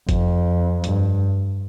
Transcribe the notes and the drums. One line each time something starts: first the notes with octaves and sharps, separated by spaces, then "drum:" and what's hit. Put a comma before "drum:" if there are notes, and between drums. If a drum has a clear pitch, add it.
F2, drum: kick F#1, hi-hat
G2, drum: hi-hat